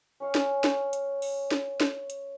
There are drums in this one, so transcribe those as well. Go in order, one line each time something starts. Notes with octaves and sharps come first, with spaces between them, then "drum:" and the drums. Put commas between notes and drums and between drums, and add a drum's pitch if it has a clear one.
C#4 C#5 F5
drum: snare
drum: snare
drum: hi-hat
drum: open hi-hat
drum: snare
drum: snare
drum: hi-hat